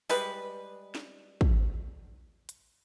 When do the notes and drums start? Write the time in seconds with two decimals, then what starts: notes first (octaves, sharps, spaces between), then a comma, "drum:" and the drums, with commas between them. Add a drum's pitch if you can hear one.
0.10 G3 G#3 B4, drum: open hi-hat
0.95 drum: snare
1.41 drum: kick
2.49 drum: hi-hat